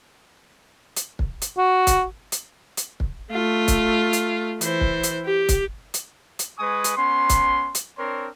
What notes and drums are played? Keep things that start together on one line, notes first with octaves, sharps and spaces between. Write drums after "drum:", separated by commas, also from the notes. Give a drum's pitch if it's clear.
drum: hi-hat
drum: kick
drum: hi-hat
F#4
drum: kick, hi-hat
drum: hi-hat
drum: hi-hat
drum: kick
A3 F4
drum: kick, hi-hat
drum: hi-hat
E3 C5, drum: hi-hat
drum: kick
drum: hi-hat
G4
drum: kick, hi-hat
drum: hi-hat
drum: hi-hat
G#3 B4 G#5 C#6 D#6
drum: hi-hat
B3 C#4 C6
drum: kick, hi-hat
drum: hi-hat
C4 D4 A#4 C#5 C6